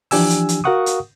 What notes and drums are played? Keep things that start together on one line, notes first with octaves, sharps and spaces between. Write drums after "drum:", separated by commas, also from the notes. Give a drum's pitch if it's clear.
E3 F3 D4 G4 G#5 E6, drum: open hi-hat
drum: hi-hat
drum: hi-hat
F#4 A#4 F5 F#5 C#6 D#6
drum: hi-hat